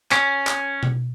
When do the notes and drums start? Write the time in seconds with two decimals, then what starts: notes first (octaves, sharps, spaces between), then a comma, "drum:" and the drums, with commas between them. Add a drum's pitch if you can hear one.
0.12 C#4, drum: clap
0.47 drum: clap
0.83 drum: tom B2